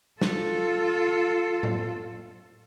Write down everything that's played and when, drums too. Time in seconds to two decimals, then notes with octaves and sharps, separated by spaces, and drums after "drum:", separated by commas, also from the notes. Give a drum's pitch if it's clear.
0.21 F4 A4, drum: snare
1.63 drum: tom A2